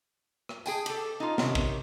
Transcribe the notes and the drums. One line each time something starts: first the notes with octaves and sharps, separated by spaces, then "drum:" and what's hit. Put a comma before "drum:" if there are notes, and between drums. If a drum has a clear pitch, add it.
drum: rim click
G#4 G5 G#5, drum: tambourine
G4 A4, drum: cymbal
D#4 F4
C3 D#3 C#4, drum: snare
drum: kick